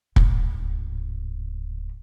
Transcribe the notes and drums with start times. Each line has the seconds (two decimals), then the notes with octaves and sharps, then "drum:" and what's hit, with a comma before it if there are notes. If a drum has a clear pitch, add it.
0.16 D1 G#2, drum: kick